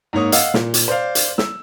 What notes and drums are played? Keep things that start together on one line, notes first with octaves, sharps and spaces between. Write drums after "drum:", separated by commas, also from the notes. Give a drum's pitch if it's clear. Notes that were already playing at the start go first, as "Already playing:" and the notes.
G#2 A#3 C#5 D#6
D#5 F5 F#5 E6, drum: hi-hat
A#2, drum: snare
drum: hi-hat
C5 D5 F5
drum: hi-hat
E6, drum: snare